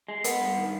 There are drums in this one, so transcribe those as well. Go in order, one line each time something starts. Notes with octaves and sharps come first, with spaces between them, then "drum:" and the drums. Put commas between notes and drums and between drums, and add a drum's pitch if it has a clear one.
G#3
B3, drum: hi-hat
G2
D#3